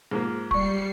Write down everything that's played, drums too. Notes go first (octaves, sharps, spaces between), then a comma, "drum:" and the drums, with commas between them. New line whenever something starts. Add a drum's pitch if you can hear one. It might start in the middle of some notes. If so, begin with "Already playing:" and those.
G#2 F3 A#3
G3 D5 C#6 C7 C#7, drum: kick